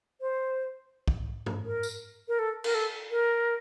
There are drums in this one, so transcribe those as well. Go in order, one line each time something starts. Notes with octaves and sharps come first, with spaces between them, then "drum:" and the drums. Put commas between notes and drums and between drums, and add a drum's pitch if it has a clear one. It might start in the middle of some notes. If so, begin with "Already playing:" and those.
C5
drum: kick
drum: tom
A#4
drum: tambourine
A#4
A4
A#4, drum: cymbal
A4
A#4